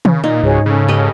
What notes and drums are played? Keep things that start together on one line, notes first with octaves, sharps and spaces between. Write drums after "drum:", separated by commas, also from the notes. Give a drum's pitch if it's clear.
C#3, drum: tom D#3
A#2 D#4
C#2 G#2 F#4 G#4 C#5
C#3 C#4 A4
G4 B4 D#5